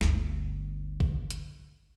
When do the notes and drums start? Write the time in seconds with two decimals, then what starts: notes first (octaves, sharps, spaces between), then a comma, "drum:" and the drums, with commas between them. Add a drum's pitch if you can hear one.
0.01 G1 D2, drum: snare
1.00 drum: kick A#1
1.30 drum: hi-hat